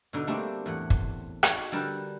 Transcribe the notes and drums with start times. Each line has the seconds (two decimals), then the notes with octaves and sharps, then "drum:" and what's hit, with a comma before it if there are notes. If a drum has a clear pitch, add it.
0.13 B2 D3 D#4
0.27 G3 A3 A#3 C4 D4 G4
0.66 E2 A2 F#5
0.90 C6, drum: kick
1.43 D#4 F#4 G#4 C#5 D5, drum: rim click
1.72 D3 G3 A#4 B4 A5